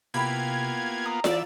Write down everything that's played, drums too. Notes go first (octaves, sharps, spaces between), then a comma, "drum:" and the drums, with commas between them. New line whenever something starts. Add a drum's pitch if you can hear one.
C3 A#3 B3 E4 F4 G4 B5 G#6
A#5 D#6
E3 F4 D5 D#5 F5 E6, drum: snare